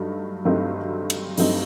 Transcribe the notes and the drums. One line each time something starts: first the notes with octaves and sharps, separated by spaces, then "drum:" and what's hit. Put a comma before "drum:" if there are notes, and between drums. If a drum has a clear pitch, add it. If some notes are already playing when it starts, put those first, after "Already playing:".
Already playing: G2 F#3 A3 D#4
G2 F#3 A3 C4 D#4
drum: cymbal
G2 F#3 A3 C4 D#4, drum: open hi-hat